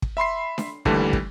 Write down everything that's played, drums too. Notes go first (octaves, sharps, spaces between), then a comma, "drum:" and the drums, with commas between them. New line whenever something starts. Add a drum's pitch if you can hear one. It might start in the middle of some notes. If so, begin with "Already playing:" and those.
drum: kick
E5 B5 C6 C7
drum: snare D4
D#2 D3 E3 G3 A3, drum: kick
drum: kick